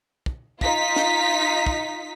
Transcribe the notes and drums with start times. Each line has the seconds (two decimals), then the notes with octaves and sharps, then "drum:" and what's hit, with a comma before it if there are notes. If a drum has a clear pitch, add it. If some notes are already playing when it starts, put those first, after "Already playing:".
0.26 drum: kick
0.61 D#4 F4 B6, drum: kick
0.96 drum: snare
1.66 drum: kick